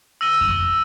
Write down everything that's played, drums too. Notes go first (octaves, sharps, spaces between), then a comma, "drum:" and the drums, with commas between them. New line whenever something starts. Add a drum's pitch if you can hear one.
E6 A#6 D#7 G7
drum: kick F2